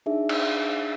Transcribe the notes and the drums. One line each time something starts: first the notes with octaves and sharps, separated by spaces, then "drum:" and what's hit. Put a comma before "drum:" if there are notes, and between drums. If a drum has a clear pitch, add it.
D4 D#4 G#4 E5
drum: cymbal